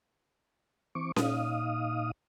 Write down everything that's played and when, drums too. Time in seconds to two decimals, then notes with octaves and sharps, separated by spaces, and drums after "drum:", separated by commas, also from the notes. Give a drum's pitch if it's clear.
0.95 E3 C4 C#6 D6
1.16 A#2 D#4 F5 D#6, drum: snare C#4